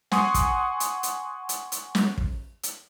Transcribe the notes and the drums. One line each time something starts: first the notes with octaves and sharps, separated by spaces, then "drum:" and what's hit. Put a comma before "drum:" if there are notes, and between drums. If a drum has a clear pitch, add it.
F#5 G#5 C6 C#6 D#6, drum: snare
drum: kick, hi-hat
drum: hi-hat
drum: hi-hat
drum: hi-hat
drum: hi-hat
drum: snare
drum: kick
drum: hi-hat